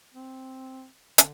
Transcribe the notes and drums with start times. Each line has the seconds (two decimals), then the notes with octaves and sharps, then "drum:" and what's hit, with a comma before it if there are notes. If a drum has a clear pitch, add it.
0.14 C4
1.18 D3, drum: hi-hat